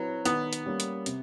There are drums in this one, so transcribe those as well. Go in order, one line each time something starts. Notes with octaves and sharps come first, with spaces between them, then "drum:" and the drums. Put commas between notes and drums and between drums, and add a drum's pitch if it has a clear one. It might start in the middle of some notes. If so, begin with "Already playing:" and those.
Already playing: F#3 C4 E4 B4
D#3 B3, drum: hi-hat
drum: hi-hat
G3 A#3 C#4
drum: hi-hat
C3, drum: hi-hat